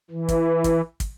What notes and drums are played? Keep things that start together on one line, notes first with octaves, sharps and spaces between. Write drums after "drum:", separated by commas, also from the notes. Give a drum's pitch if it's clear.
E3
drum: kick, hi-hat
drum: kick, hi-hat
drum: kick, hi-hat